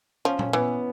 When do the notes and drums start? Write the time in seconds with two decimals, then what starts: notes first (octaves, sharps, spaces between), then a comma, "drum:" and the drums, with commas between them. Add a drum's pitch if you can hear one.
0.25 F3 C#4
0.39 C#4, drum: tom
0.53 E3 B3